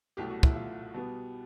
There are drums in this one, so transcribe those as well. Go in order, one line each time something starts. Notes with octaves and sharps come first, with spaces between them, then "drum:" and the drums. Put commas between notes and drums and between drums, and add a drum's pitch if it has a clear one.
C2 B2 F#3 A3 G4
F#4
E4, drum: kick
F4
B2 G3 B3